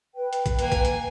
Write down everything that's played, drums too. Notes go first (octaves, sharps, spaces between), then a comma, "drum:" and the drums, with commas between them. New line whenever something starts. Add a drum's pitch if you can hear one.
B4 G5
drum: hi-hat
drum: kick A#1, hi-hat
A#3 G#5, drum: hi-hat
drum: kick A#1, hi-hat
drum: hi-hat